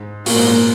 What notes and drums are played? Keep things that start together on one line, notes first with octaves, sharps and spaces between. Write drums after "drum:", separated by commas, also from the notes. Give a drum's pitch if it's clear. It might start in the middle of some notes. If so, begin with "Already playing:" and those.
Already playing: G#2
A#2 A#3, drum: open hi-hat
G#2
G#2